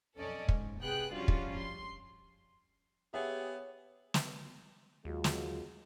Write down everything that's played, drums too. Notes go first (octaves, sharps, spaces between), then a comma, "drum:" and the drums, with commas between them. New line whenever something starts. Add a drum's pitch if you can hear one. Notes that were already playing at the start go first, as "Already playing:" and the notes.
B1 F2 C#4 A4 D5 D#5
G#2, drum: kick
C3 B3 G#4 G5 F#6
F3 G3 C#4 D4 F4 F#4
drum: kick
C6
B3 G4 G#4 C#5 E5 F#5 G#5
drum: snare
D#2 F#3 G#3 F4
drum: snare